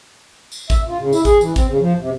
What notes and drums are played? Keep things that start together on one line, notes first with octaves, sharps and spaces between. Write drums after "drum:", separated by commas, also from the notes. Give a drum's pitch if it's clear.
drum: tambourine
E5, drum: kick, tambourine
F4
C#3
E4, drum: tambourine
G#4, drum: kick, tambourine
E3, drum: tambourine
C4, drum: kick, tambourine
C#3
F3
C3